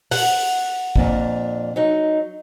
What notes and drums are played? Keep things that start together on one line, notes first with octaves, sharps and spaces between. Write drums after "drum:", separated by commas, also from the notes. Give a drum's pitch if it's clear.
F#5, drum: open hi-hat
F2 A#2 D4, drum: kick
F#3 D#4